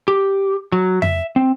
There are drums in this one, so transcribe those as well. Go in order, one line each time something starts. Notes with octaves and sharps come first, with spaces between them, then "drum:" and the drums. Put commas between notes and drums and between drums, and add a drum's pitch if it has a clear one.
G4
F#3
E5, drum: tom F2
C4